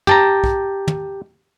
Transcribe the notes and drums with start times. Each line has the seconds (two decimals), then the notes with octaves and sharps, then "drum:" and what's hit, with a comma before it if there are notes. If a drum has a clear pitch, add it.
0.07 G4 A5 A#5, drum: tom
0.44 drum: kick
0.88 drum: tom